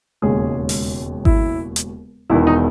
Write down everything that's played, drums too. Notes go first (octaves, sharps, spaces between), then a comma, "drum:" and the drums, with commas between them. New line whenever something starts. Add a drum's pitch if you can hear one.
E1 D#2 C#3 G#3 C#4 G#4
drum: open hi-hat
E4, drum: kick G#1
drum: hi-hat
E1 E2 D#3 E4
D#4